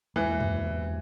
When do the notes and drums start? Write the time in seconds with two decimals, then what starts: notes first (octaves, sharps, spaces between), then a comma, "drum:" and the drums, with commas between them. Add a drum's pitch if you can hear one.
0.16 E2 E3 G#3 A#3
0.40 drum: tom